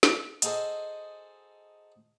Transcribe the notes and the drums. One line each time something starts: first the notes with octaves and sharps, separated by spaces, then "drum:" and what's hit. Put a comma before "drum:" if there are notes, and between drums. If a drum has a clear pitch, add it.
drum: snare
D#4 F#4 G#4 A4 C5 D#5, drum: hi-hat